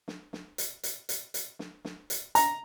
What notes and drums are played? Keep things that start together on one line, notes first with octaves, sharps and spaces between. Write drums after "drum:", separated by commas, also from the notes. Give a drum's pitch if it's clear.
drum: snare
drum: snare
drum: hi-hat
drum: hi-hat
drum: hi-hat
drum: hi-hat
drum: snare
drum: snare
drum: hi-hat
A#5, drum: hi-hat